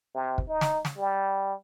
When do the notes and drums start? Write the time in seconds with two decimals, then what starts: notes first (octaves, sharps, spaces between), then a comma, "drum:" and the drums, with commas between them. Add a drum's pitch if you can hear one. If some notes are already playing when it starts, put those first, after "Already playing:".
0.15 C3
0.38 drum: kick
0.48 D#4
0.61 drum: snare
0.85 drum: snare
0.97 G3